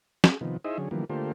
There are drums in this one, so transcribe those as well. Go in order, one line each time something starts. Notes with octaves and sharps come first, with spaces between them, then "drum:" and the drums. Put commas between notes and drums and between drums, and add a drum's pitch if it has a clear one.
G#4, drum: snare
C3 D#3 F3 B3
D#4 E4 G#4 C5 D#5 E5
D3 F#3 C#4 G#4
D3 E3 F3 G3 A#3 B3
D3 A3 A#3 F4 G4 C5